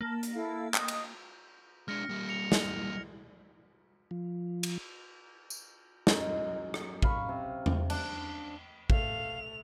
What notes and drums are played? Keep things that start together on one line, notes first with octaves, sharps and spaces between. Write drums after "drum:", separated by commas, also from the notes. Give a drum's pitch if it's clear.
A#3 A5
drum: hi-hat
E4 A4 F5
D#5 D#6, drum: clap
drum: cymbal
G#3 D4 F6 A#6 C#7
G3 A#3
A#6 C#7 F7
drum: snare
F3
drum: cymbal
drum: tambourine
F#2 D#4, drum: snare
drum: rim click
F5 B5 C#6, drum: kick A1
C3
drum: tom E2
D4, drum: cymbal
A3 F5 F7, drum: kick A1